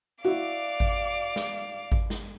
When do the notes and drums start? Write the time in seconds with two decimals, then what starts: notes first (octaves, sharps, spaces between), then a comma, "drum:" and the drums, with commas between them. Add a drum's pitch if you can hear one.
0.25 E4 F#4 D5 F5 D6
0.80 drum: kick G#1
1.36 drum: snare
1.92 drum: kick G#1
2.10 drum: snare